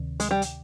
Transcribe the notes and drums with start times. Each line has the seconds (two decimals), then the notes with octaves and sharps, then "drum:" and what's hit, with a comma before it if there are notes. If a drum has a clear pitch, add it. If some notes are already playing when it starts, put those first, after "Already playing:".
Already playing: D2 C3 D#3
0.20 G#3, drum: hi-hat
0.31 G3
0.42 drum: hi-hat